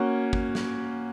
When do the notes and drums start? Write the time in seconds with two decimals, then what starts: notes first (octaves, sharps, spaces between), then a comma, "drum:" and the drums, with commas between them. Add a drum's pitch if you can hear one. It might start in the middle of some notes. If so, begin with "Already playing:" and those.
Already playing: A#3 C#4 F#4
0.33 drum: kick
0.55 drum: snare